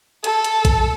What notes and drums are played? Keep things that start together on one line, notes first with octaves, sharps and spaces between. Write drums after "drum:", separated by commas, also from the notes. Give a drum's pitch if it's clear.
A4, drum: hi-hat
drum: hi-hat
drum: kick A#1, hi-hat